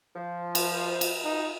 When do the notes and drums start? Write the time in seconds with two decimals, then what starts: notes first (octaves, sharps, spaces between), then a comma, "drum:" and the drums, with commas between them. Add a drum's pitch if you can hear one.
0.15 F3
0.55 drum: cymbal
1.01 drum: cymbal
1.24 D#4